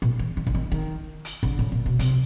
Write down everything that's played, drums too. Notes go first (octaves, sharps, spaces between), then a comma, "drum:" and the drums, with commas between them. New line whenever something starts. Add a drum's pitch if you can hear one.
A#2
E3
D#3
D3, drum: kick
D#3
D#3
drum: hi-hat
D3, drum: kick
A2
A#2
B2
C3, drum: hi-hat